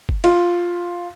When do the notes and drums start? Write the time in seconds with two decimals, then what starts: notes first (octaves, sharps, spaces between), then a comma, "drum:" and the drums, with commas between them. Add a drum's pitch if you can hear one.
0.09 drum: kick F#1
0.24 F4, drum: cymbal